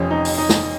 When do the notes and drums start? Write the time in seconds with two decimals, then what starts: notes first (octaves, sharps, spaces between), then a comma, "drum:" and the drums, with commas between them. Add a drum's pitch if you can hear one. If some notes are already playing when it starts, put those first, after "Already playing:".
Already playing: F1 F2 C3 F3 C#4
0.11 D#4
0.25 drum: open hi-hat
0.38 D#4
0.49 drum: snare